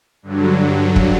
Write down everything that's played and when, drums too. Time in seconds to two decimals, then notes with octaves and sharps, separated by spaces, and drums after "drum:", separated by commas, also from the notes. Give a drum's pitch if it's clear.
0.23 G2 D3 F#3
0.96 drum: kick